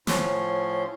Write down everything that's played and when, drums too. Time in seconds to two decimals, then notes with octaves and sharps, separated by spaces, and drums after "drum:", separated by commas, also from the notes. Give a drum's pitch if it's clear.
0.07 A2 F3 C#4 C6, drum: snare